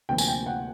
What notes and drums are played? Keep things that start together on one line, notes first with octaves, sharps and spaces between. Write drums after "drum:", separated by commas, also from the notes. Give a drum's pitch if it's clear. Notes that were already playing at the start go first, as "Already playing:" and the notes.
D2 C3 F3 A#3 G5
G#5, drum: tambourine
G5
F#5